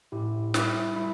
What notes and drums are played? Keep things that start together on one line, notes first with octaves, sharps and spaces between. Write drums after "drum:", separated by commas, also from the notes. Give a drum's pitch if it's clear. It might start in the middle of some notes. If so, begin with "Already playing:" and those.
A2 E4 G4
G3 E4, drum: snare
G3 E4